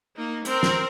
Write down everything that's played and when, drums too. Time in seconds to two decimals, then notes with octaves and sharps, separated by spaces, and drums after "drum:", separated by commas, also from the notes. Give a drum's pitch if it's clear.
0.16 A#3 D#4
0.45 C4 A#4, drum: hi-hat
0.63 drum: snare